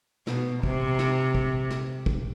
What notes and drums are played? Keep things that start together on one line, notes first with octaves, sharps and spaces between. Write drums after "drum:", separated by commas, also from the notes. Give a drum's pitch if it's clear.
B2, drum: snare
C3, drum: kick
drum: snare
drum: kick
drum: snare
drum: kick